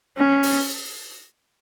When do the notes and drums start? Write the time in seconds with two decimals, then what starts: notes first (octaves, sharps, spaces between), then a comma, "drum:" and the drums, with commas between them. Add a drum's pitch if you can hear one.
0.17 C#4
0.43 drum: open hi-hat